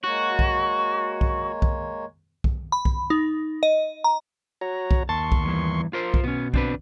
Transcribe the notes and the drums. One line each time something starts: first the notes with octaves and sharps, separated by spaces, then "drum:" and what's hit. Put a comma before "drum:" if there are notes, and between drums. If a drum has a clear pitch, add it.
G#3 A#3 F#4 C#5
drum: kick B1
drum: kick B1
drum: kick B1
drum: kick B1
B5
drum: kick B1
D#4
D#5
A#5
F#4 C#5 A#5
drum: kick B1
D#2 A5 C6 C#6
drum: kick B1
E2 G2 E3
F4 A#4 C5
drum: kick B1
B2 B3 C#4
C4 D4 B4, drum: kick B1